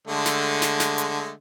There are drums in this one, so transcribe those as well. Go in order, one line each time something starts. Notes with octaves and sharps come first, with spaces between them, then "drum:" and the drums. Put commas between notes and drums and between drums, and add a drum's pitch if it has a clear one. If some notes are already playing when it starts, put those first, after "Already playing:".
D3 G#3 A3
drum: snare
drum: snare
drum: snare
drum: hi-hat